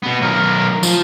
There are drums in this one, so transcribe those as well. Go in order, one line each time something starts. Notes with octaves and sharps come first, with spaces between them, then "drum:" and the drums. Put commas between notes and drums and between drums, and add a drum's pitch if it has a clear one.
B2 B3
B1 A#4
F3, drum: tambourine